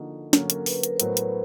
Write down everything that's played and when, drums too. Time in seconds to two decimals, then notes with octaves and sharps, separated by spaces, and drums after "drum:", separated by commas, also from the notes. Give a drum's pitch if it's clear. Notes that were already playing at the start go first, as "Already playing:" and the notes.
Already playing: D3 F3 A#3 D#4 F#4 A4
0.33 D3 F#3 A#3 C#4 A4, drum: snare
0.50 A#4, drum: hi-hat
0.66 B4, drum: open hi-hat
0.83 A#4, drum: hi-hat
0.96 C5
1.00 A2 F#3 B3 B4, drum: hi-hat
1.17 drum: hi-hat